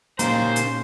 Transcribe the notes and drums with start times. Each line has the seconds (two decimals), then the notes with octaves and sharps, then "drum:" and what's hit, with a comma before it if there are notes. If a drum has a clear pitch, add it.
0.19 A#2 A#3 C#4 D#4 G4 C5 F5 A#5, drum: hi-hat
0.56 drum: hi-hat